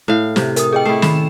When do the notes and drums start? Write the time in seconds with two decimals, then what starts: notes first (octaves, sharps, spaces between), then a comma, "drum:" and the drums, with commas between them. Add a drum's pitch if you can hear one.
0.08 A2 F5
0.36 C3, drum: snare
0.56 A#4 D#6, drum: hi-hat
0.73 G#4 D#5 G5
0.85 A3 E4 C7
1.02 D#3 B5 E7, drum: snare